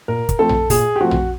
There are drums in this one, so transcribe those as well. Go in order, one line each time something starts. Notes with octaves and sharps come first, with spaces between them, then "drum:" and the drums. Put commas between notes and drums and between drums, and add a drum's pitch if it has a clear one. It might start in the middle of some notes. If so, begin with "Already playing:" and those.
A#2 A#4
drum: kick, hi-hat
F3 A3 C4 A4
drum: tom A#1
A#2 G#4, drum: kick, open hi-hat
G4
F3 A3 C4 F#4
drum: tom A#1